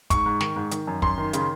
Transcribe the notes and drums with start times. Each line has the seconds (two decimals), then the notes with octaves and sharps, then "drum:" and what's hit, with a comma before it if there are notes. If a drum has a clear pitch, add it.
0.10 G#2 C#6, drum: kick, hi-hat
0.26 G#2
0.41 D#3, drum: snare
0.56 G#2
0.71 D#3, drum: hi-hat
0.87 F#2
1.02 F#2 C6, drum: kick
1.18 D#3
1.33 C#3, drum: hi-hat